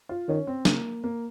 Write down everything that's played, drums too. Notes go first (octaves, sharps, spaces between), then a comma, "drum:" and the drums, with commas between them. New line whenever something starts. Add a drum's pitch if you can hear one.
F4
D#3 C#4
C4
C#3 A#3, drum: snare
A#3